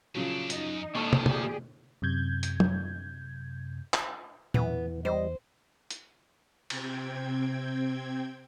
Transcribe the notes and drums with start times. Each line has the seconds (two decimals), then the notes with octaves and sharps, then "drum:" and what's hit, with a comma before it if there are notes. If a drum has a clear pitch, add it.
0.15 A#2 C#3 F3 F#3 D4
0.50 F#2 D#4, drum: hi-hat
0.95 A#2 D#3 A4 C#6
1.13 drum: tom
1.26 G4 G#4 D5, drum: tom
2.02 F#2 C3 G6 G#6
2.43 drum: hi-hat
2.60 drum: tom
3.94 drum: clap
4.54 E2 E3 B3, drum: tom A#2
5.05 G3 C5 D#5
5.91 drum: hi-hat
6.70 C3 C4 G5 G#6, drum: cymbal